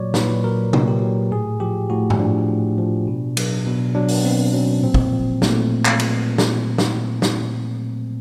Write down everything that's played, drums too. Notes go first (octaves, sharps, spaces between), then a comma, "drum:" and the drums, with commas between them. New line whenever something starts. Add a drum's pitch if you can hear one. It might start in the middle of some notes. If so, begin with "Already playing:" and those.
Already playing: A#2 F#3 C#5 D5
A#2 B4, drum: snare
F#3 A#4
A#2, drum: tom C3
G4
F#3
A2 G#4
F3 G4
A2 F#4
drum: tom G2
F3 D4
A2
F3
B2
F#3, drum: cymbal
B2
F#3 D4
drum: open hi-hat
B2 C4
F#3 C#4
A#2 C4
drum: kick
F3
A#2 A3, drum: snare
drum: clap
drum: cymbal
drum: snare
drum: snare
drum: snare